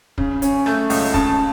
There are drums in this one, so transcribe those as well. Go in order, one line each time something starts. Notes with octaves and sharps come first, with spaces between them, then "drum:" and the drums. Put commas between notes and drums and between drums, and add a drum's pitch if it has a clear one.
C#3, drum: kick
C#4, drum: hi-hat
A3, drum: rim click
C#2, drum: open hi-hat
C#3 A5, drum: kick